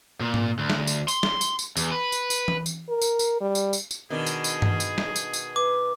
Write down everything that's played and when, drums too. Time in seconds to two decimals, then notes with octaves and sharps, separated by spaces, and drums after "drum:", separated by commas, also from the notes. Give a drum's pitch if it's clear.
0.21 A#2
0.34 drum: tom G#2
0.59 D2
0.70 drum: snare
0.87 drum: tambourine
1.08 C6, drum: tambourine
1.23 drum: snare
1.41 drum: tambourine
1.59 drum: tambourine
1.77 E2, drum: tambourine
1.91 B4
2.12 drum: tambourine
2.30 drum: tambourine
2.48 drum: tom E3
2.66 drum: tambourine
2.89 A#4
3.02 drum: tambourine
3.19 drum: tambourine
3.41 G3
3.55 drum: tambourine
3.73 drum: tambourine
3.91 drum: tambourine
4.10 B2 D#3 D4 G#4
4.26 drum: tambourine
4.44 drum: tambourine
4.62 drum: tom G2
4.80 drum: tambourine
4.98 drum: snare
5.16 drum: tambourine
5.33 drum: tambourine
5.56 B4 D6